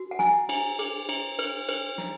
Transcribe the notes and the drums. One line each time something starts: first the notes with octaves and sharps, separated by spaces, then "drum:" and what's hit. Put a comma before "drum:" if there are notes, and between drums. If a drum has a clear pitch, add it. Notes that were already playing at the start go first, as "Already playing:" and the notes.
Already playing: F#4
F#5
E4 G#5, drum: snare
E4, drum: cymbal
G#4, drum: cymbal
E4, drum: cymbal
B4, drum: cymbal
B4, drum: cymbal
E4, drum: snare